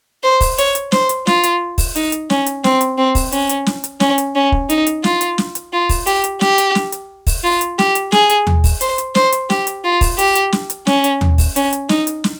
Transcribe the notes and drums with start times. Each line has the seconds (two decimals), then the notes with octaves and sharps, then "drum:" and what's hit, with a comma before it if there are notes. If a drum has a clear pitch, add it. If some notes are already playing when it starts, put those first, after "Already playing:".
0.23 C5
0.41 drum: kick, open hi-hat
0.58 C#5, drum: hi-hat
0.75 drum: hi-hat
0.92 C5, drum: snare
1.09 drum: hi-hat
1.27 F4, drum: snare
1.44 drum: hi-hat
1.78 drum: kick, open hi-hat
1.96 D#4, drum: hi-hat
2.12 drum: hi-hat
2.30 C#4, drum: snare
2.46 drum: hi-hat
2.64 C4, drum: snare
2.81 drum: hi-hat
2.98 C4
3.15 drum: kick, open hi-hat
3.32 C#4, drum: hi-hat
3.49 drum: hi-hat
3.66 drum: snare
3.84 drum: hi-hat
4.00 C#4, drum: snare
4.18 drum: hi-hat
4.35 C#4
4.52 drum: kick
4.70 D#4, drum: hi-hat
4.87 drum: hi-hat
5.04 F4, drum: snare
5.21 drum: hi-hat
5.38 drum: snare
5.55 drum: hi-hat
5.73 F4
5.89 drum: kick, open hi-hat
6.07 G4, drum: hi-hat
6.24 drum: hi-hat
6.41 G4, drum: snare
6.58 drum: hi-hat
6.75 drum: snare
6.92 drum: hi-hat
7.27 drum: kick, open hi-hat
7.44 F4
7.61 drum: hi-hat
7.79 G4, drum: snare
7.95 drum: hi-hat
8.12 G#4, drum: snare
8.30 drum: hi-hat
8.47 drum: tom D#2
8.64 drum: kick, open hi-hat
8.81 C5, drum: hi-hat
8.98 drum: hi-hat
9.15 C5, drum: snare
9.32 drum: hi-hat
9.50 G4, drum: snare
9.67 drum: hi-hat
9.84 F4
10.01 drum: kick, open hi-hat
10.19 G4, drum: hi-hat
10.35 drum: hi-hat
10.52 drum: snare
10.70 drum: hi-hat
10.87 C#4, drum: snare
11.04 drum: hi-hat
11.21 drum: tom D#2
11.38 drum: kick, open hi-hat
11.56 C#4, drum: hi-hat
11.73 drum: hi-hat
11.89 D#4, drum: snare
12.07 drum: hi-hat
12.24 drum: snare